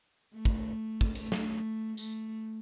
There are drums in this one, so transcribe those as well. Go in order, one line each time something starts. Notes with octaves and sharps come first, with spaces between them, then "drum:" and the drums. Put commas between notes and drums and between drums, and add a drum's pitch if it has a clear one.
A3
drum: kick
drum: kick
A3, drum: hi-hat
drum: snare
A3, drum: tambourine